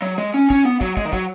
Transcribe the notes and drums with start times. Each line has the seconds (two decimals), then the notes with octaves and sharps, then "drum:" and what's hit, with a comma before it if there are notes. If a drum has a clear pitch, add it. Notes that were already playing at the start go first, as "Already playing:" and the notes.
0.02 F#3
0.18 G#3, drum: snare
0.34 C#4
0.50 C#4, drum: kick
0.65 B3
0.81 F#3, drum: kick
0.97 G#3, drum: kick
1.05 D#3
1.13 F#3, drum: kick